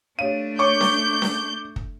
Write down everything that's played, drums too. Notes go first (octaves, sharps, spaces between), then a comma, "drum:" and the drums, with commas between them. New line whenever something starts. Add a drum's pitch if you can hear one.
A3 D4 G4 C#5 F5 D#7
C#5 C#6 D6 G6
drum: snare C#4
drum: snare C#4
drum: kick